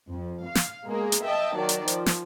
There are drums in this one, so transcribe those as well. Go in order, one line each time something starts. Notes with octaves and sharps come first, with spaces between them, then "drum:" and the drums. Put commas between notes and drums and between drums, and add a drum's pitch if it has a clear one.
F2
F5
drum: snare
B2 G#3 A#3 G#4
drum: hi-hat
D#5 E5 G5 A5
D#3 F#3 D5
drum: hi-hat
F3, drum: hi-hat
drum: snare